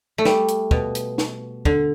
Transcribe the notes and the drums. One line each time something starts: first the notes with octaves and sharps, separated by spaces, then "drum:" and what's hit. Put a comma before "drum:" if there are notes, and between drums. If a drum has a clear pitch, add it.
A3
G3, drum: snare
drum: hi-hat
B2, drum: kick
drum: hi-hat
drum: snare
D3, drum: kick